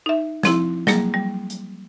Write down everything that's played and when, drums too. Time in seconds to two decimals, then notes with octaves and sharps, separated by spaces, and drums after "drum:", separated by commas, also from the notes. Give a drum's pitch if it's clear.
0.06 D#4 E5
0.43 F3 C4 E4, drum: snare
0.87 F#3 G3 A#3 G#4, drum: snare
1.14 G3
1.50 drum: hi-hat